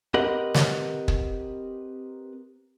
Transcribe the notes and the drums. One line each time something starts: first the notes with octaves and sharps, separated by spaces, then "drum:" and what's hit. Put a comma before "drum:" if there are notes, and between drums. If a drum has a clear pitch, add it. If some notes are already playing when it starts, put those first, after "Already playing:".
C4 G4 A#4 B4 D#5 F#5
drum: snare
drum: kick